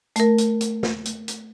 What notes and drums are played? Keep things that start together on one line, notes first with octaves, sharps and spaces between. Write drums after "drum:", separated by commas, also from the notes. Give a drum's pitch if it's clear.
A3 A#4, drum: hi-hat
drum: hi-hat
drum: hi-hat
drum: snare
drum: hi-hat
drum: hi-hat